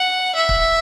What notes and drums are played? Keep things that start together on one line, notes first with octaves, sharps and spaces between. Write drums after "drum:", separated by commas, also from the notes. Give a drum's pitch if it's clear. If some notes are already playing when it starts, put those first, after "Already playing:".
Already playing: F#5
E5
drum: kick C#1